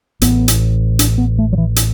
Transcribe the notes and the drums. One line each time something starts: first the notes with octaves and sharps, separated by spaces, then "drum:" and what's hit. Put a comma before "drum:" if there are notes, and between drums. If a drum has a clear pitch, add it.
A1 A2 B3, drum: hi-hat
drum: hi-hat
D4, drum: hi-hat
B3
A3
F#3
E3
drum: hi-hat